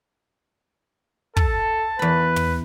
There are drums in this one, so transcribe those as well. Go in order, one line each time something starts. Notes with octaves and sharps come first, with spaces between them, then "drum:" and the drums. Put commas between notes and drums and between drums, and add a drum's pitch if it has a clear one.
A4 A5, drum: kick
E2 B4 B5
drum: tom